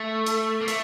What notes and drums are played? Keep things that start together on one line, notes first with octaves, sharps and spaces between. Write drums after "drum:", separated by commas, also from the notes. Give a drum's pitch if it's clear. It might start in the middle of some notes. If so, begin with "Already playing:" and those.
Already playing: A3
drum: hi-hat
A#3
A3, drum: hi-hat